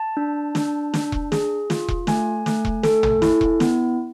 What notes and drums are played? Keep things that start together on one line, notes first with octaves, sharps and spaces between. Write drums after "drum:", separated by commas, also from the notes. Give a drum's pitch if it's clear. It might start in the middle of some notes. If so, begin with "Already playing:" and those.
Already playing: A5
D4
D4, drum: snare
D4, drum: snare
drum: kick E1
G#4, drum: snare
F4, drum: snare
drum: kick E1
A3 G#5, drum: snare
A3, drum: snare
drum: kick E1
A4, drum: snare
drum: tom
E4, drum: snare
drum: kick E1
B3, drum: snare